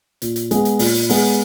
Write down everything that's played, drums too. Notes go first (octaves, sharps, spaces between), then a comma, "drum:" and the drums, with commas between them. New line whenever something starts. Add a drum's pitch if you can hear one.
A#2, drum: hi-hat
drum: hi-hat
G#3 B3, drum: hi-hat
drum: hi-hat
A#2, drum: open hi-hat
drum: hi-hat
G#3 B3, drum: open hi-hat